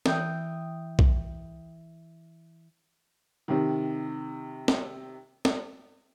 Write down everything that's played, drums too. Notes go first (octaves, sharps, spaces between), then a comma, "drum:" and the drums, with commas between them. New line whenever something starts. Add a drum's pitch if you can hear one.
E3 G5 D#6, drum: snare
drum: kick
C3 D#3
drum: snare
drum: snare